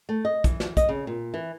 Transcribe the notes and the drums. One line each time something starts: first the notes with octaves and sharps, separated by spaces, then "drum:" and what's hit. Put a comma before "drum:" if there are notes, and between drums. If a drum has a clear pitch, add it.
A3
D#5
E3, drum: kick, hi-hat
drum: snare
D#5, drum: kick, hi-hat
C#3
A#2
E3